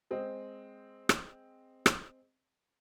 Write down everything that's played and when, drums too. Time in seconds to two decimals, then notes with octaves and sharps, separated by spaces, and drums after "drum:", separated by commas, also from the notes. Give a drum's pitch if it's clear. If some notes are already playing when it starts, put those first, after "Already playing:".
0.11 G#3 C4 C5 D#5
1.09 drum: rim click
1.86 drum: rim click